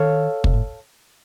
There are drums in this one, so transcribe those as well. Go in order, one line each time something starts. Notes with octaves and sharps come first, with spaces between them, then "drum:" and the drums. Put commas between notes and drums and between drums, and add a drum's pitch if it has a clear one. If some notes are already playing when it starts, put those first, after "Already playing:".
Already playing: D#3 A4 C#5 F5
C3, drum: kick
A2